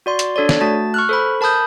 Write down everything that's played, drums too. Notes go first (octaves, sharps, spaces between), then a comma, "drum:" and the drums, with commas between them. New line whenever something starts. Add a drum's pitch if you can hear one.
F#4 D5 C6
drum: hi-hat
D4 A4 C#5 D5
drum: snare
A3 F#4 A5 A6
C#6 F6 F#6
A4 C5 B5
A#4 A5 B5 D#6 G6